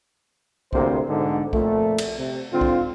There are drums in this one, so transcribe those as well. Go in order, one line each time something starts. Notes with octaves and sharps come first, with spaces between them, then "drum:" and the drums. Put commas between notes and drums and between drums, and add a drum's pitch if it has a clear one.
D2 A2 C3 A#3 C5, drum: kick B1
G#2 B2 D3 D4
F2 A#2 A3, drum: kick B1
drum: cymbal
C3
G#2 D3 C4 F4
drum: kick B1